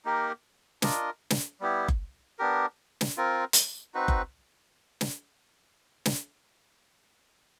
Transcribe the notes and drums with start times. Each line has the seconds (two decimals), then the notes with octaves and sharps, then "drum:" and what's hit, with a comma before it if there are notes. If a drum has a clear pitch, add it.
0.05 A#3 D#4 G4 A#4
0.82 D4 F4 A#4 D#5, drum: snare
1.30 drum: snare
1.60 G3 B3 E4 G4
1.88 drum: kick F#1
2.39 B3 D4 G4 A#4
3.01 drum: snare
3.17 C4 F4 A#4
3.53 drum: hi-hat
3.94 C4 D#4 F#4 B4
4.08 drum: kick F#1
5.01 drum: snare
6.05 drum: snare